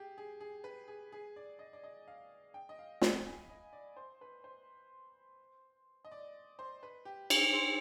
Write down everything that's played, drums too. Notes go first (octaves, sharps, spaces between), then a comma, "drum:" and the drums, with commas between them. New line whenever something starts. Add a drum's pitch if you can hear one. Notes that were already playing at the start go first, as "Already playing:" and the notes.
Already playing: G4 G#4
G#4
G#4
B4
G#4
G#4
D5
D#5
D5
D#5
F5
G5
D#5
F5
B5, drum: snare
G#5
D#5
D5
C5
B4
C5
D#5
D5
C5
B4
G4
G#4, drum: cymbal
C5